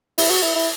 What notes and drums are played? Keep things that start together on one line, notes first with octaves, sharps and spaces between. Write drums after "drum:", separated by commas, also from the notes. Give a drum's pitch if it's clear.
E4, drum: open hi-hat
F#4
E4
E4